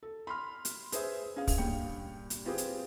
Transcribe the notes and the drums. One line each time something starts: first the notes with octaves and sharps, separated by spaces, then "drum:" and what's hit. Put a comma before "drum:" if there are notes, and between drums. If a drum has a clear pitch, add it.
A4
B5 C6 F6
drum: hi-hat
G#4 B4 C5 E5, drum: hi-hat
C#4 G#4 F5 G#5
drum: kick, open hi-hat
G2 A#2 G5 C#7
drum: hi-hat
C4 F4 G4 G#4 B4 C5
drum: hi-hat